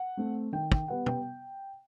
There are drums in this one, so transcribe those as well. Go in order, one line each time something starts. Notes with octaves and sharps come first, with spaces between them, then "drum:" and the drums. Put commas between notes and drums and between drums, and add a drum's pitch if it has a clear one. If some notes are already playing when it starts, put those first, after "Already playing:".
Already playing: F#5
A3 C4
D#3 G5
G5, drum: kick
G3 B3 F#5
G5, drum: tom